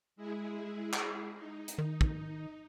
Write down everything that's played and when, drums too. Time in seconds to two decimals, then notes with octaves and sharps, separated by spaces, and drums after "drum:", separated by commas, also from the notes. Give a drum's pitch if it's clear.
0.16 G#3 E4 G#4
0.93 drum: clap
1.36 D#4
1.68 drum: hi-hat
1.78 D#3
2.01 drum: kick